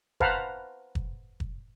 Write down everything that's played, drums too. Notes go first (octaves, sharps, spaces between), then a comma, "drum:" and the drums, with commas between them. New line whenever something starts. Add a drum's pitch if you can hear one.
B4 C5 F5 F#5 A5 A#5, drum: kick
drum: kick
drum: kick